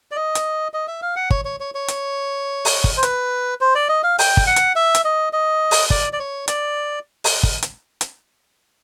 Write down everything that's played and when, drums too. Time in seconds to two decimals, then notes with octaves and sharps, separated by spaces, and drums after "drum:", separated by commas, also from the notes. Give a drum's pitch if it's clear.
0.11 D5
0.16 D#5
0.35 drum: hi-hat
0.74 D#5
0.88 E5
1.02 F5
1.16 F#5
1.30 C#5, drum: kick
1.45 C#5
1.60 C#5
1.75 C#5
1.88 drum: hi-hat
2.65 drum: open hi-hat
2.84 drum: kick
2.97 C5
3.03 B4, drum: hi-hat
3.61 C5
3.75 D5
3.89 D#5
4.03 F5
4.19 G5, drum: open hi-hat
4.37 drum: kick
4.47 F#5
4.56 drum: hi-hat
4.76 E5
4.95 drum: hi-hat
5.05 D#5
5.33 D#5
5.71 drum: open hi-hat
5.90 D5, drum: kick
6.13 D5
6.20 C#5
6.48 D5, drum: hi-hat
7.24 drum: open hi-hat
7.43 drum: kick
7.63 drum: hi-hat
8.01 drum: hi-hat